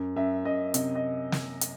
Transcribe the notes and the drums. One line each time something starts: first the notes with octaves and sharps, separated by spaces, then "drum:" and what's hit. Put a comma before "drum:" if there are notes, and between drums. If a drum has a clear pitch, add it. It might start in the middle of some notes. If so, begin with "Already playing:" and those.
Already playing: F#2
F#2 E5
F#2 D#5
C3 D#5, drum: hi-hat
D#5
drum: snare
drum: hi-hat